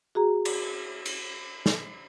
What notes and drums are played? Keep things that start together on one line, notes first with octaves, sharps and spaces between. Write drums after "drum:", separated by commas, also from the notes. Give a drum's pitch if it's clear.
F#4 G#4 A#5
drum: cymbal
drum: cymbal
drum: snare